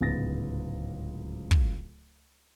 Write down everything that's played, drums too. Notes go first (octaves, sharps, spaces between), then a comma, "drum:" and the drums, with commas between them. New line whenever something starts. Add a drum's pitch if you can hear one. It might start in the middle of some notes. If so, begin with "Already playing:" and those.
D1 C#2 G#2 B3 A6 A#6
drum: kick